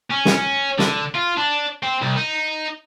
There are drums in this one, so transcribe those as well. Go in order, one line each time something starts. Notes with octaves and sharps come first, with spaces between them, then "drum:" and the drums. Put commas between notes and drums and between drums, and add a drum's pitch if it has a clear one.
C#4
drum: snare
D3, drum: snare
F4
D4
C4
C2
D#4